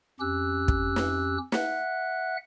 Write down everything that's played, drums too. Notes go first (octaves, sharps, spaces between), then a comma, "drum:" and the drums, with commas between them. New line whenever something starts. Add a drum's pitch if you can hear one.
F2 C#4 G4 E6 F#6
drum: kick
drum: snare
E5 F#5 F#6, drum: snare